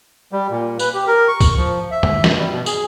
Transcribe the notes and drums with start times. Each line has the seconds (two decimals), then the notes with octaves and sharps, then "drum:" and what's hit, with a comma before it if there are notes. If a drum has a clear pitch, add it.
0.32 G3
0.50 A#2
0.79 B4, drum: tambourine
0.94 G4
1.07 A#4
1.28 C#6
1.41 drum: kick, tambourine
1.58 F3
1.91 E5
2.03 drum: tom F#2
2.24 G2, drum: snare
2.38 G3
2.51 B2
2.66 G#4, drum: tambourine